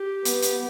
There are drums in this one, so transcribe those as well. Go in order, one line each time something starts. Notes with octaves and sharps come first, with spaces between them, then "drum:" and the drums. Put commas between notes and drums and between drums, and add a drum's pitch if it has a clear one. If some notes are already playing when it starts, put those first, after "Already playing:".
Already playing: G4
B3, drum: hi-hat
drum: hi-hat